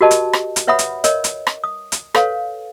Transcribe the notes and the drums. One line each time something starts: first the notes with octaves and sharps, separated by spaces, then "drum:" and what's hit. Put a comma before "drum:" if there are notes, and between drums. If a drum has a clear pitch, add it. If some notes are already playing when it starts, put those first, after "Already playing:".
F#4 G4 A#4 D#5 A5
drum: hi-hat
drum: rim click
drum: hi-hat
B4 C#5 E5 F#5 B5 D#6
drum: hi-hat
A#4 C#5 D#5, drum: hi-hat
drum: hi-hat
drum: rim click
D#6
drum: hi-hat
A4 B4 C#5 F5, drum: rim click